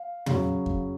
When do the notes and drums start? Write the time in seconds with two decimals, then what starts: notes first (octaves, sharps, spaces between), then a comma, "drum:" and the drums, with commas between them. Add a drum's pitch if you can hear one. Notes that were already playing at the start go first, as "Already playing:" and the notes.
Already playing: F5
0.26 C#3 F#3, drum: tom
0.66 drum: kick F2